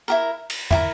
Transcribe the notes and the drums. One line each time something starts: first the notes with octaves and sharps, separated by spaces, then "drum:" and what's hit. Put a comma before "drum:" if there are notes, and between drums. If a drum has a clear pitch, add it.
E4 G4 A#4
drum: cymbal
E4 G4 A#4, drum: tom